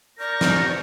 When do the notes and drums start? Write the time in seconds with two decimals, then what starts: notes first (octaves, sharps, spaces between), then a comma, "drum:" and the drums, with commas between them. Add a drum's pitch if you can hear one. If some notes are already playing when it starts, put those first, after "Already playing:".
0.20 A#4 D5 C#6 G6 A#6
0.41 drum: snare